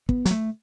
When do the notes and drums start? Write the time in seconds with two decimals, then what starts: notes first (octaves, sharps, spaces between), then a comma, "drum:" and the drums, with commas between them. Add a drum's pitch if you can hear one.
0.09 B3, drum: kick
0.25 F#3, drum: hi-hat
0.31 A3